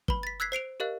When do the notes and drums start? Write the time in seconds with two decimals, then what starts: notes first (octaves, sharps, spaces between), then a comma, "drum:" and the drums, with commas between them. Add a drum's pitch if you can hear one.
0.08 B4 B5, drum: kick
0.23 A6 B6
0.40 E6 F#6 G#6 B6 C7
0.52 C5 C7 D7 F7
0.80 G4 A#4 D#5 F5 F#6